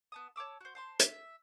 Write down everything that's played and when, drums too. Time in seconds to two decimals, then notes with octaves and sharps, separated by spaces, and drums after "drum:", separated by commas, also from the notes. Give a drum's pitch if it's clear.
0.12 B3 A5 D#6
0.36 C#5 A5 D6 E6
0.61 F#4 C5
0.75 C5 A5 C6
1.00 E5, drum: hi-hat